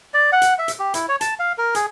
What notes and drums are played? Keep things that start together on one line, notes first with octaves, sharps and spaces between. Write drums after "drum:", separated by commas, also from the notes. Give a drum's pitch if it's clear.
D5
F#5
drum: hi-hat
E5
drum: hi-hat
G4
E4, drum: hi-hat
C#5
A5, drum: hi-hat
F5
A#4
G#4, drum: hi-hat